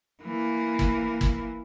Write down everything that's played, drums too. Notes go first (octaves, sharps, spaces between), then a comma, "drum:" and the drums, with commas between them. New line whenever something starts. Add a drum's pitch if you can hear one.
E3 A#3
drum: kick
drum: kick